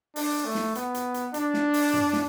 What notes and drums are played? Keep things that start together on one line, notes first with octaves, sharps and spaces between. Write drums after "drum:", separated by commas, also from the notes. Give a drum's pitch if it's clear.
D4, drum: open hi-hat
A3
drum: snare
B3, drum: hi-hat
drum: hi-hat
drum: hi-hat
D4, drum: hi-hat
drum: snare
drum: open hi-hat
drum: tom
drum: snare